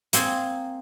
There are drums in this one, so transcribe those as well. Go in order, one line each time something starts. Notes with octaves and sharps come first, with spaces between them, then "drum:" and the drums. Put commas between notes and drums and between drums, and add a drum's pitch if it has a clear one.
A#3 C4 G#4, drum: hi-hat